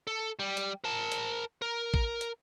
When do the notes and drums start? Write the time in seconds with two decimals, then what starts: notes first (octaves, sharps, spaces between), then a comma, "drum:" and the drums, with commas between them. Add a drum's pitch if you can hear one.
0.07 A4
0.39 G3
0.57 drum: hi-hat
0.84 A#4 A5
1.12 drum: hi-hat
1.62 A#4
1.94 drum: kick
2.21 drum: hi-hat